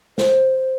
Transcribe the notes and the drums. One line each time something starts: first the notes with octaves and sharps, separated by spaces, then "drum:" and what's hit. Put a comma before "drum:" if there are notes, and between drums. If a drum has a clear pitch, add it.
C5, drum: snare